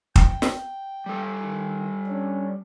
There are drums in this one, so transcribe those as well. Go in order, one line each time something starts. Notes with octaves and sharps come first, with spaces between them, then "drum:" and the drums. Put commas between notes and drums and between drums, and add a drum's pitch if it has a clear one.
G5, drum: kick
drum: snare
G3 A4
D#3
C#4 D4